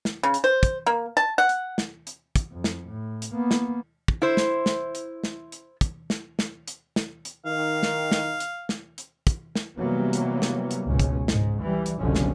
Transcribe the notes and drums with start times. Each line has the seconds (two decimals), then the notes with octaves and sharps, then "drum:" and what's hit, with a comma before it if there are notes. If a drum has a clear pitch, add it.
0.05 drum: snare
0.23 C#3
0.34 drum: hi-hat
0.44 C5
0.63 drum: kick, hi-hat
0.86 A#3
1.17 A5
1.38 F#5
1.49 drum: hi-hat
1.78 drum: snare
2.07 drum: hi-hat
2.36 drum: kick, hi-hat
2.52 F2
2.64 drum: snare
2.88 A2
3.22 drum: hi-hat
3.33 A#3 B3
3.51 drum: snare
4.08 drum: kick
4.22 E4 C5
4.37 drum: snare
4.66 drum: snare
4.95 drum: hi-hat
5.24 drum: snare
5.52 drum: hi-hat
5.81 drum: kick, hi-hat
6.10 drum: snare
6.39 drum: snare
6.68 drum: hi-hat
6.96 drum: snare
7.25 drum: hi-hat
7.46 D#3 F5
7.83 drum: snare
8.11 drum: snare
8.40 drum: hi-hat
8.69 drum: snare
8.98 drum: hi-hat
9.27 drum: kick, hi-hat
9.55 drum: snare
9.78 C3 E3 F#3 G3 A#3 B3
10.13 drum: hi-hat
10.42 drum: snare
10.71 drum: hi-hat
10.85 G#1 C#2 B2 C#4
10.99 drum: kick, hi-hat
11.28 G#2, drum: snare
11.62 E3 G3
11.86 drum: hi-hat
12.00 F#1 C2 B2 D3 F3 C#4
12.15 drum: snare